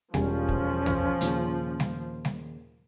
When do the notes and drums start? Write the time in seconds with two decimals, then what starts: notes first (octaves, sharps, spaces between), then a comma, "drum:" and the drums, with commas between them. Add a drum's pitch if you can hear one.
0.14 E1 F3 G3 C#4 G#5, drum: snare G3
0.49 drum: kick
0.86 drum: tom
1.21 D#2 A#2 C#3, drum: hi-hat
1.80 drum: snare G3
2.25 drum: snare G3